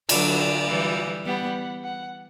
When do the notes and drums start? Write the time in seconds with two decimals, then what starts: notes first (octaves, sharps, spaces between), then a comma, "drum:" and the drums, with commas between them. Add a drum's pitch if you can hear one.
0.09 D3 F#3 D5, drum: cymbal
0.38 D5
0.67 E3 G3
1.25 G3 B3 F#5
1.84 F#5